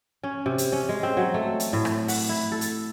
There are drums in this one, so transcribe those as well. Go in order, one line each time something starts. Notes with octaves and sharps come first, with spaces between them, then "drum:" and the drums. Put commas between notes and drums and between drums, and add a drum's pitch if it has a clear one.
C#4
C3
drum: hi-hat
C#4
G#3
C4
F#3
A3
drum: hi-hat
A2
drum: rim click
F#5, drum: open hi-hat
E4
A4
drum: hi-hat